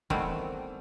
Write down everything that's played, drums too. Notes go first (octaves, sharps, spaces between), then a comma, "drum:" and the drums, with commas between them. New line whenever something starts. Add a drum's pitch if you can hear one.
D#3 E3 G3 A3 B3 C4, drum: kick